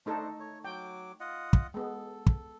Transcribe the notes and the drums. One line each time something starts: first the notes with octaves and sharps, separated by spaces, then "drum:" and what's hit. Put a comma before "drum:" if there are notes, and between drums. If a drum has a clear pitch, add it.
A3 D4 D#4 A4 C5
C#5
F#3 G5 D6
F4 D#5 F#5
drum: kick
G#3 B3 A4
drum: kick